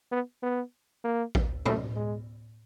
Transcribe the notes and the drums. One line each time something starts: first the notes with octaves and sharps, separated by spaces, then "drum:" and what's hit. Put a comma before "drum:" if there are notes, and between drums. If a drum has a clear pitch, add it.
B3
B3
A#3
drum: kick A1
A3, drum: tom A2
G#3